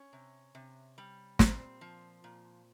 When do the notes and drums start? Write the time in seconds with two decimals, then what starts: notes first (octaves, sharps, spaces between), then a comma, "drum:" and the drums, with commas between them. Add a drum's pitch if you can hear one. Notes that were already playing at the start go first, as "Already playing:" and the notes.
Already playing: C#4
0.13 C3
0.55 C3
0.98 G3
1.39 A#2 C4, drum: snare
1.81 F3
2.24 A#2